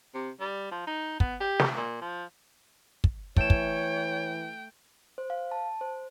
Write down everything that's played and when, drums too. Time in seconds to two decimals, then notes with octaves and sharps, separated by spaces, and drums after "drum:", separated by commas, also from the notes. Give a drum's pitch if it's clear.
0.14 C3
0.40 G3
0.71 F3
0.87 D#4
1.20 B3, drum: kick
1.40 G4
1.59 drum: snare
1.77 A#2
2.01 F3
3.04 drum: kick
3.37 E3 A3 C#5 G5 E7, drum: kick
3.50 drum: kick
5.18 C5
5.30 F5
5.51 A5
5.81 C5